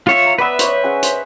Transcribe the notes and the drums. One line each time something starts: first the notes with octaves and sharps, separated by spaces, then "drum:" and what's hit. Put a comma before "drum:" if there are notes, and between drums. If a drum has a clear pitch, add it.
F4 C#5 E5
A#5
B3 B4 D5 E5 B5
C5 C#5 D#5, drum: hi-hat
C#4 G#4 F#5
C5, drum: hi-hat